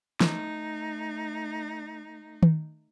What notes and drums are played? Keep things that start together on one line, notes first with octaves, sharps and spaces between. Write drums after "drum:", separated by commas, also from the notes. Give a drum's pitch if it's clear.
A3 D#4, drum: snare
drum: tom D#3